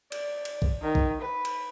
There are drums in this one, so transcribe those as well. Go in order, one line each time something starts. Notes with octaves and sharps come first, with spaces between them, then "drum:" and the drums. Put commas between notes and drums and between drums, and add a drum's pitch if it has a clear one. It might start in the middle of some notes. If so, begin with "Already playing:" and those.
D5, drum: cymbal
drum: cymbal
drum: kick B1
D#3
drum: kick B1
B4
drum: cymbal